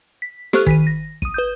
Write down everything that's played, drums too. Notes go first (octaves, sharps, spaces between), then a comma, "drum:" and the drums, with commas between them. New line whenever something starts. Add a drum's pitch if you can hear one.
B6
G4 A4 C5 C#6 F6 F#6, drum: snare
D#3 B6 D#7, drum: kick
A#6
D#6 D#7, drum: kick
B4 D#6 G6